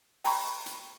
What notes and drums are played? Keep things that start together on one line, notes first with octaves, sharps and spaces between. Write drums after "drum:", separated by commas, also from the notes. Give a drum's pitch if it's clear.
G5 A#5 B5 C#6, drum: open hi-hat
drum: hi-hat